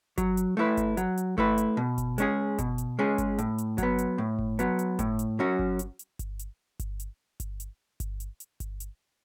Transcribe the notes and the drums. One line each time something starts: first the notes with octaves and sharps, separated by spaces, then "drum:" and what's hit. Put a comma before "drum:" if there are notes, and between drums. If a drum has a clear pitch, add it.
F#3, drum: kick G1, hi-hat
drum: hi-hat
A3 E4 B4
drum: kick G1, hi-hat
F#3, drum: hi-hat
drum: hi-hat
A3 E4 B4, drum: kick G1
drum: hi-hat
B2
drum: kick G1, hi-hat
G#3 C#4 G#4, drum: hi-hat
B2, drum: kick G1, hi-hat
drum: hi-hat
G#3 C#4 G#4
drum: kick G1, hi-hat
A2, drum: hi-hat
drum: hi-hat
F#3 B3, drum: kick G1, hi-hat
drum: hi-hat
A2
drum: kick G1
F#3 B3, drum: hi-hat
drum: hi-hat
A2, drum: kick G1, hi-hat
drum: hi-hat
F#3 C#4 F#4
drum: kick G1
drum: hi-hat
drum: hi-hat
drum: kick G1, hi-hat
drum: hi-hat
drum: kick G1, hi-hat
drum: hi-hat
drum: kick G1, hi-hat
drum: hi-hat
drum: kick G1, hi-hat
drum: hi-hat
drum: hi-hat
drum: kick G1, hi-hat
drum: hi-hat